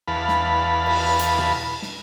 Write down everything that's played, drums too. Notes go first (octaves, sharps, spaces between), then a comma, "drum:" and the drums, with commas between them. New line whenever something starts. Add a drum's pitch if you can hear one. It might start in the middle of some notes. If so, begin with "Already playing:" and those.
E2 B4 F5 A5 B5
drum: snare
drum: cymbal
drum: hi-hat
drum: tom B2
drum: snare